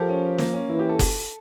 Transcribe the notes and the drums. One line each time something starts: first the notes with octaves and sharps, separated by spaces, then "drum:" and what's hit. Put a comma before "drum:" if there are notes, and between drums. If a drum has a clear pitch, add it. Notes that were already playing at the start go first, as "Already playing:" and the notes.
Already playing: F3 G4 A4 A#4
C#4
A#3, drum: snare
C#4
E3 E4
G4
A4
drum: kick F#1, open hi-hat